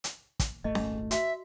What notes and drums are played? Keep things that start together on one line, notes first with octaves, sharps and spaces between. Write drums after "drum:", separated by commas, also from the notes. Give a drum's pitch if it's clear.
drum: hi-hat
drum: kick, hi-hat
D#1 G#1 A3 D#5
drum: snare C#4
F#4 E5, drum: hi-hat